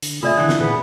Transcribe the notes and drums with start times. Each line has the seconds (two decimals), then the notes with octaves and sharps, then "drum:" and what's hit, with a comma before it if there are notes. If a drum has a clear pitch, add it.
0.02 D3, drum: hi-hat
0.23 C3 A3 F4 G#4 D5 E5 E6
0.37 D3 E3 F#5
0.49 drum: snare
0.60 A#2 B3 G#4 B4